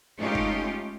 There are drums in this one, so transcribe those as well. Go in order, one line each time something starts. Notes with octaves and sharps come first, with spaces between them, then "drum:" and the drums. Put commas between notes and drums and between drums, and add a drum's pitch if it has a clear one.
G#3 A3 C#4 D#4 F4 G4
drum: kick